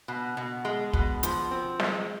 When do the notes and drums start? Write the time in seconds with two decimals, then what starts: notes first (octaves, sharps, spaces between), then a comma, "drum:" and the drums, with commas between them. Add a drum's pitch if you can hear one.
0.08 B2
0.37 B2
0.65 G#3
0.93 B2, drum: kick
1.23 F3, drum: hi-hat
1.51 C4
1.80 G#3, drum: snare